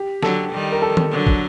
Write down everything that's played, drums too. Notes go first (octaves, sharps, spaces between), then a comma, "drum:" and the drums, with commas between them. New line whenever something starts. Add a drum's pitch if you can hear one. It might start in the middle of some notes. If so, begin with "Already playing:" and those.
Already playing: G4
D3 F#3 A4, drum: snare
D#3 G3
A#4
A4
drum: tom D#3
D3 F#3
drum: kick